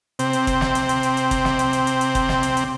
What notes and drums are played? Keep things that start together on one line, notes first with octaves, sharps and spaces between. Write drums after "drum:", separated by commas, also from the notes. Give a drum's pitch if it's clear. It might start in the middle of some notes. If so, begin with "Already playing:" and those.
C3 C4, drum: hi-hat
drum: hi-hat
drum: kick, hi-hat
drum: snare
drum: hi-hat
drum: hi-hat
drum: hi-hat
drum: hi-hat
drum: kick, hi-hat
drum: snare
drum: hi-hat
drum: hi-hat
drum: hi-hat
drum: hi-hat
drum: kick, hi-hat
drum: snare
drum: hi-hat
drum: hi-hat